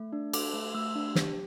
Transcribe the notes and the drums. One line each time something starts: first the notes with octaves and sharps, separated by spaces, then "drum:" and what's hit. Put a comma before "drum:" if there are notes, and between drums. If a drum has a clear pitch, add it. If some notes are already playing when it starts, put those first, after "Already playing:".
Already playing: A3
D4
A4 D6, drum: cymbal
A3
A3 E6
D4
G4, drum: snare